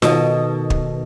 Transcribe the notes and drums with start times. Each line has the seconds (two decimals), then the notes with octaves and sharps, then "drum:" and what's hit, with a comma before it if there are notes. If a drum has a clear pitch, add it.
0.02 B2 D#3 A4 D#5, drum: snare F4
0.70 drum: kick